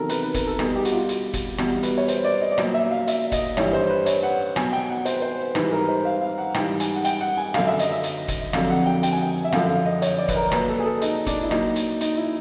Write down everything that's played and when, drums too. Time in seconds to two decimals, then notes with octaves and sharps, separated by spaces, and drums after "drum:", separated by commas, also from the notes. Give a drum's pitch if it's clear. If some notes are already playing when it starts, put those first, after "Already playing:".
Already playing: E2 C3 D#3 F#3 A4 A#4
0.09 B4, drum: hi-hat
0.22 B4
0.34 A#4, drum: kick, hi-hat
0.47 A4
0.59 B2 G3 G#4, drum: rim click
0.75 G4
0.85 F#4, drum: hi-hat
0.92 F4
1.09 drum: hi-hat
1.34 drum: kick, hi-hat
1.58 E2 B2 G3 F#4, drum: rim click
1.83 B4, drum: hi-hat
1.97 C#5
2.08 C5, drum: hi-hat
2.24 D5
2.41 D#5
2.52 D5
2.58 A#2 F#3 D#5, drum: rim click
2.74 E5
2.91 F5
3.07 E5, drum: hi-hat
3.32 D#5, drum: kick, hi-hat
3.57 G2 E3 G3 C#5, drum: rim click
3.73 C5
3.90 B4
4.06 C#5, drum: hi-hat
4.23 F#5
4.56 B2 F#3 G#5, drum: rim click
4.73 G5
4.89 F#5
5.05 C5, drum: hi-hat
5.14 B4
5.22 C5
5.55 G#2 E3 G3 B4, drum: rim click
5.72 A#4
5.89 C5
6.05 F5
6.21 F5
6.38 F#5
6.54 G#2 E3 G3 G5, drum: rim click
6.80 G#5, drum: hi-hat
6.96 F#5
7.04 G5, drum: hi-hat
7.21 F#5
7.37 G#5
7.54 F#2 D3 F#3 F5, drum: rim click
7.67 E5
7.79 D#5, drum: hi-hat
7.92 E5
8.03 drum: hi-hat
8.28 drum: kick, hi-hat
8.53 F2 D3 F#3 F5, drum: rim click
8.70 F#5
8.86 G5
9.03 G5, drum: hi-hat
9.12 G#5
9.21 G5
9.44 E5
9.52 F#2 D3 F3 F5, drum: rim click
9.69 F5
9.85 D#5
10.02 C#5, drum: hi-hat
10.18 D5
10.28 B4, drum: kick, hi-hat
10.35 A#4
10.52 A#2 F#3 B4, drum: rim click
10.68 A4
10.80 G#4
10.84 A4
11.01 D#4, drum: hi-hat
11.26 D4, drum: kick, hi-hat
11.43 E4
11.51 A#2 F#3 D#4, drum: rim click
11.76 drum: hi-hat
12.01 D#4, drum: hi-hat
12.17 E4